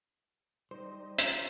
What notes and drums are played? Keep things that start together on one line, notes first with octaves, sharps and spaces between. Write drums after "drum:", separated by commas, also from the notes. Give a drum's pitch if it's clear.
G3 D#4 C5
F4 A#5, drum: hi-hat